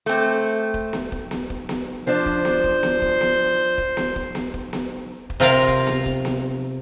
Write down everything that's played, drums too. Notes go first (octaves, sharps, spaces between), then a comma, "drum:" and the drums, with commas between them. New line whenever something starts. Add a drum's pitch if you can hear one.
A3 C4
drum: kick
drum: snare B3
drum: kick
drum: snare B3
drum: kick
drum: snare B3
F3 D4 C5
drum: kick
drum: snare B3
drum: kick
drum: snare B3
drum: kick
drum: snare B3
drum: kick
drum: snare B3
drum: kick
drum: snare B3
drum: kick
drum: snare B3
drum: kick
C3 F4 A#4 F5
drum: kick
drum: snare B3
drum: kick
drum: snare B3